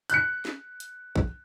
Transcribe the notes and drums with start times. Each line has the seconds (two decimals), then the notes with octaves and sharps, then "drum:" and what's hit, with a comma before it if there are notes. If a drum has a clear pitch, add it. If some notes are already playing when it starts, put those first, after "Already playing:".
0.10 F#6 C#7, drum: hi-hat
0.45 drum: snare
0.80 drum: hi-hat
1.16 drum: kick A#1